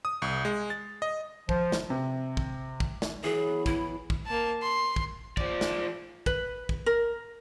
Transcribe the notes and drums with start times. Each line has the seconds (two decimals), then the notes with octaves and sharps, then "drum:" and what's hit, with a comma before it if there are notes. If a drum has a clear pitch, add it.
0.05 D#6
0.22 C2
0.45 G#3
0.70 A6
1.02 D#5
1.49 F3, drum: kick
1.72 drum: snare
1.90 C3
2.37 drum: kick
2.80 drum: kick
3.02 drum: snare
3.24 E3 F#3 G#4 B4
3.47 B3
3.66 E4, drum: kick
4.10 drum: kick
4.26 A#3 A5
4.62 C6
4.96 drum: kick
5.37 F3 D5, drum: kick
5.61 drum: snare
6.26 B4, drum: kick
6.69 drum: kick
6.86 A#4